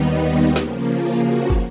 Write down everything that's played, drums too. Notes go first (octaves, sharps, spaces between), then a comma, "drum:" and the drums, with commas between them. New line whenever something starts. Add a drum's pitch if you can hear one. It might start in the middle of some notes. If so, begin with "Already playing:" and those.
Already playing: D#2 D#3 G3 B3 D#4
C#3 F3 A#3, drum: snare
F4
F#4
drum: kick